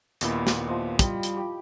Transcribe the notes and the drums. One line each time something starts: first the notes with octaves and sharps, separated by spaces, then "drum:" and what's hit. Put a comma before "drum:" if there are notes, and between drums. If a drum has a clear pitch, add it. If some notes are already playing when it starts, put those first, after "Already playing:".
D#2 A#2 B3 E4 D#5, drum: hi-hat
drum: snare
F3 C5 D#5
G3 G5 B5, drum: kick, hi-hat
drum: hi-hat
G4